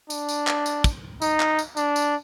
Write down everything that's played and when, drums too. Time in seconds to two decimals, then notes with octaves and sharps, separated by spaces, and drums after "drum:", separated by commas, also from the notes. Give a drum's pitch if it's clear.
0.10 D4, drum: tambourine
0.29 drum: tambourine
0.47 drum: clap
0.66 drum: tambourine
0.84 drum: kick, tambourine
1.22 D#4, drum: tambourine
1.40 drum: clap
1.59 drum: tambourine
1.77 D4, drum: tambourine
1.96 drum: tambourine